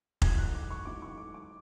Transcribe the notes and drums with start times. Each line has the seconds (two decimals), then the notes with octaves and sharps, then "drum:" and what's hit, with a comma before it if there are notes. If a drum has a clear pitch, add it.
0.22 A1 G#2 F#3 A3 G#6, drum: kick F1
0.38 F#6
0.55 D6
0.70 C#6
0.85 A1 G#2 F#3 A3 D6
1.02 C#6
1.18 D6
1.34 D6